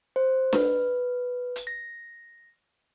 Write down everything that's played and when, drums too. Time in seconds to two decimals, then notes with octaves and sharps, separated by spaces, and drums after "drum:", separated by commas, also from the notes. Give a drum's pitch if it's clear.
0.16 C5
0.53 B4, drum: snare D4
1.56 drum: hi-hat
1.67 A#6